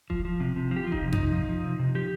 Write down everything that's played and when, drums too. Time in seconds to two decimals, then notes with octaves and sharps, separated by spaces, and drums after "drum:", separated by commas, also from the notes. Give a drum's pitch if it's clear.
0.10 F3, drum: kick F1
0.25 F3
0.40 C3
0.56 C3
0.71 F3
0.76 G4
0.84 F4
0.87 F3
0.92 D#4, drum: kick F1
1.03 C3
1.12 D#4, drum: tom F2
1.18 C3
1.32 F3
1.49 F3
1.64 C3
1.79 C3
1.95 F3 G4